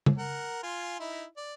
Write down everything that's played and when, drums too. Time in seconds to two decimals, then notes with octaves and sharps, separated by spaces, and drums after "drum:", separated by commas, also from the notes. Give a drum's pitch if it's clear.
0.06 drum: tom
0.19 A#4 F#5
0.63 F4 G#5 C6
1.00 D#4 E4
1.37 D5